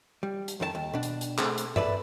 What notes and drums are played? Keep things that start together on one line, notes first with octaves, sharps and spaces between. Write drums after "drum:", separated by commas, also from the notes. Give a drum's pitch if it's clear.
G3
drum: hi-hat
F2 D#3 A#4 A5
D#2
B2 D4
drum: hi-hat
drum: hi-hat
A3 C4 G#4, drum: clap
drum: hi-hat
A4 B4 D5 E5, drum: tom G2